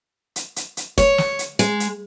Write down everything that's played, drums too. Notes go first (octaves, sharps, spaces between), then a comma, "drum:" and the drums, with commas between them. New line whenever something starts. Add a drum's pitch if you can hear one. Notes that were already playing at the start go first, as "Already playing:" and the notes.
drum: hi-hat
drum: hi-hat
drum: hi-hat
C#5, drum: kick, hi-hat
drum: snare
drum: hi-hat
G#3, drum: hi-hat
drum: hi-hat